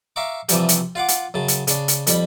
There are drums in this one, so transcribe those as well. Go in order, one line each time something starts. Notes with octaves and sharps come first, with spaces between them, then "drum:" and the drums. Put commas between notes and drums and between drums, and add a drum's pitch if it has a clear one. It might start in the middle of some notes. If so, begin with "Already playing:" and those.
E5 F5 A#5 C#6 D6
C3 E3 F3 G3 G4, drum: hi-hat
drum: hi-hat
F4 F5 F#5 D6
drum: hi-hat
F#2 C#3 A5
drum: hi-hat
C#3 D4, drum: hi-hat
drum: hi-hat
F2 G3 B5, drum: hi-hat